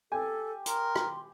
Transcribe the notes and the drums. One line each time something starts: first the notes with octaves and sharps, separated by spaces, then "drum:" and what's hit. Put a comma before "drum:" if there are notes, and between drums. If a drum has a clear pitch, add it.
G4 A4 G#5
A#4 C6, drum: hi-hat
drum: rim click